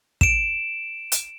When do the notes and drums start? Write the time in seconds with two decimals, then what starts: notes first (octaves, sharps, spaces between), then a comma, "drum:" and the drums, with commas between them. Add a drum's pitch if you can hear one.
0.21 D7 E7, drum: kick
1.12 drum: hi-hat